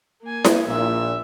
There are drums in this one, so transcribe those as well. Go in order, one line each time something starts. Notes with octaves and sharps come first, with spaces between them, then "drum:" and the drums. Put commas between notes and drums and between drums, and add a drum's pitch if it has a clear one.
A#3 G#5
drum: snare E4
A#1 A#2 E5